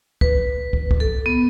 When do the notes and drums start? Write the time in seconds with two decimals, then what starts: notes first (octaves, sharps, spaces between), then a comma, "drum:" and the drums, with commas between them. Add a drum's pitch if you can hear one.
0.21 B4, drum: kick
0.73 drum: kick
0.91 drum: kick
1.00 A4
1.26 B3